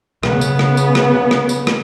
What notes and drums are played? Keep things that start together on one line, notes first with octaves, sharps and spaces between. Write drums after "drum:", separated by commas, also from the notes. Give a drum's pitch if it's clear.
C#3 B3, drum: rim click
drum: tambourine
drum: rim click
drum: tambourine
drum: rim click
drum: rim click
drum: tambourine
drum: rim click